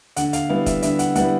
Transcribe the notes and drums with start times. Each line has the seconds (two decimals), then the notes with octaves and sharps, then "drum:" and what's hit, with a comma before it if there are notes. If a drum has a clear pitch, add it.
0.16 D3 F#5, drum: hi-hat
0.33 F5, drum: hi-hat
0.49 G3 B3 E4 F5
0.66 E5, drum: kick, hi-hat
0.82 D3 E5, drum: hi-hat
0.99 F#5, drum: hi-hat
1.15 G3 B3 E4 F#5, drum: hi-hat